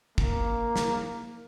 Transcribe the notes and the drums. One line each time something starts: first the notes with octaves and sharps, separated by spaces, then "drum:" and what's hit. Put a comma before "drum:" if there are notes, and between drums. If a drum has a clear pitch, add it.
A#3, drum: kick
drum: snare